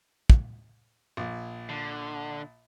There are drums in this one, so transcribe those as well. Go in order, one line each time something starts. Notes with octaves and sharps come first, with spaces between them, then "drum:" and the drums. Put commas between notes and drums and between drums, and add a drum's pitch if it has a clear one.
drum: kick
A#1
D3